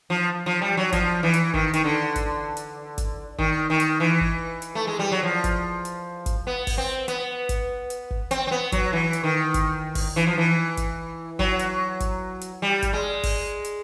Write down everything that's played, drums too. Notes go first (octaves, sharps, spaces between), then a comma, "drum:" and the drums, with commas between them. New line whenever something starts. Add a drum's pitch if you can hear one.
F3
F3
G3
F#3
F3, drum: kick, hi-hat
E3
drum: hi-hat
D#3, drum: kick
D#3, drum: hi-hat
D3
drum: kick, hi-hat
drum: hi-hat
drum: kick, hi-hat
D#3, drum: kick
D#3
drum: hi-hat
E3
drum: kick
drum: hi-hat
A3
G#3
G3
F#3
F3
drum: kick, hi-hat
drum: hi-hat
drum: kick, hi-hat
B3
drum: kick, open hi-hat
C4
B3, drum: hi-hat
drum: kick, hi-hat
drum: hi-hat
drum: kick
C4, drum: hi-hat
C4
B3
F#3, drum: kick, hi-hat
E3
drum: hi-hat
D#3
drum: kick, hi-hat
drum: kick, open hi-hat
E3
F3
E3
drum: kick, hi-hat
F#3, drum: kick
drum: hi-hat
drum: kick, hi-hat
drum: hi-hat
G3
drum: kick, hi-hat
G#3
drum: kick, open hi-hat
drum: hi-hat